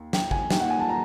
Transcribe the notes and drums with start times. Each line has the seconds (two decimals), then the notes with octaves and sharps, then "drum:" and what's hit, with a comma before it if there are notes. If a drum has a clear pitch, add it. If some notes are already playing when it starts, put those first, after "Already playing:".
Already playing: D#2
0.13 G5, drum: snare
0.31 G#5, drum: kick
0.51 D#2 D#3 G3 G5, drum: snare
0.60 F#5
0.70 G#5
0.79 A5
0.89 A#5